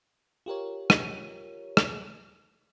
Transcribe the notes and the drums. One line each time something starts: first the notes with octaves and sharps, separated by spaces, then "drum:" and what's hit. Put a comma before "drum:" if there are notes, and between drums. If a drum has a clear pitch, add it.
F4 G4 A#4 C#5
drum: rim click
drum: rim click